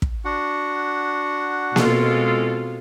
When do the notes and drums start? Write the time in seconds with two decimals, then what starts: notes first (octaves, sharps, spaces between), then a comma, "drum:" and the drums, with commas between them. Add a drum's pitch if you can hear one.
0.02 drum: kick
0.25 D4 F#4 F#5
1.76 B2 G#3 C4 F4 A4, drum: snare A#3